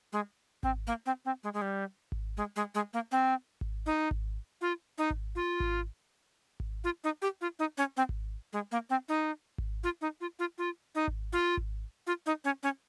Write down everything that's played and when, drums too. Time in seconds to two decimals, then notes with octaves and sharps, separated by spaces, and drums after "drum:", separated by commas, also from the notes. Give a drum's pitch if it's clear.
0.13 G#3
0.63 C4, drum: kick G#1
0.87 A#3
1.06 C4
1.25 C4
1.43 G#3
1.54 G#3
1.62 G3
2.12 drum: kick G#1
2.37 G#3
2.56 G#3
2.75 G#3
2.93 A#3
3.12 C4
3.61 drum: kick G#1
3.86 D#4
4.11 drum: kick G#1
4.61 F4
4.98 D#4
5.10 drum: kick G#1
5.35 F4
5.60 drum: kick G#1
6.60 drum: kick G#1
6.84 F4
7.04 D#4
7.22 G4
7.41 F4
7.59 D#4
7.78 C#4
7.97 C4
8.09 drum: kick G#1
8.53 G#3
8.72 A#3
8.90 C4
9.09 D#4
9.58 drum: kick G#1
9.84 F4
10.01 D#4
10.21 F4
10.39 F4
10.58 F4
10.95 D#4
11.08 drum: kick G#1
11.33 F4
11.57 drum: kick G#1
12.07 F4
12.26 D#4
12.44 C#4
12.63 C#4